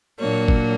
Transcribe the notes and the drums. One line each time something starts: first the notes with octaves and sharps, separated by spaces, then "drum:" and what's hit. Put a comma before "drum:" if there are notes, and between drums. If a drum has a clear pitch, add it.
A#2 F#3 A#3 D4 C#5
drum: kick